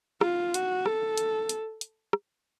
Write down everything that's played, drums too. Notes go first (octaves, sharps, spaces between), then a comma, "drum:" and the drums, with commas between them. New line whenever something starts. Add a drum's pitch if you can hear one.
F4, drum: rim click
F#4, drum: hi-hat
A4, drum: rim click
drum: hi-hat
drum: hi-hat
drum: hi-hat
drum: rim click